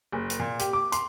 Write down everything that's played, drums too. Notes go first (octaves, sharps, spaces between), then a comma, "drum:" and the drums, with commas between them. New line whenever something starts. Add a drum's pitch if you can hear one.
F#1
drum: hi-hat
A#2
G4, drum: hi-hat
D6
C6, drum: hi-hat